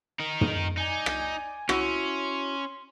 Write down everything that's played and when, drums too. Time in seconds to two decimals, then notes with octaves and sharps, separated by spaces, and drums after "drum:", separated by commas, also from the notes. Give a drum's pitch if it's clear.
0.19 D#4 A#4
0.41 drum: tom
0.77 D#4 D5 G#5
1.06 drum: rim click
1.69 C#4 E4 F#4 C6, drum: rim click